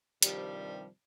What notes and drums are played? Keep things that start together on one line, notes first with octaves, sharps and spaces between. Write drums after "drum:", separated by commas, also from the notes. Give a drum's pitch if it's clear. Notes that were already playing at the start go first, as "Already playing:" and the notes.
G2 C3 D#3 F3 G3, drum: hi-hat